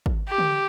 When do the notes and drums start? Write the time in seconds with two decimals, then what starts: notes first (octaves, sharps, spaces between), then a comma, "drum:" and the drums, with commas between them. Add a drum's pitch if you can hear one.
0.06 drum: kick
0.28 G4
0.38 drum: tom D3